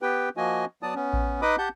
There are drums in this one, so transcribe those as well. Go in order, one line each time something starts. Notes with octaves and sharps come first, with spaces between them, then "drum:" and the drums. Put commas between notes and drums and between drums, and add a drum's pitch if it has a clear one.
B3 G4 B4 G5
F3 A#3 F#4 D#5 G#5
F#3 B3 D5 A5 D#6
B3 C#4
drum: kick A1
D#4 B4 D#5 B5 D6 D#6
G4 F#5 A5 G6